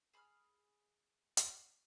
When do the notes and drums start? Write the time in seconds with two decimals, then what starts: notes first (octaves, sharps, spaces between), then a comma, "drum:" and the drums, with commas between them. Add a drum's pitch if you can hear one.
0.13 G#4 B5 D#6 F6
1.37 drum: hi-hat